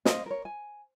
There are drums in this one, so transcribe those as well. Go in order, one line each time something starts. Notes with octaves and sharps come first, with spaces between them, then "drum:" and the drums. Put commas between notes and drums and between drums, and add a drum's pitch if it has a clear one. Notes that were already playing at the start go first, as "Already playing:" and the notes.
C5 D#5 F5, drum: snare
A#4 C#5
G#5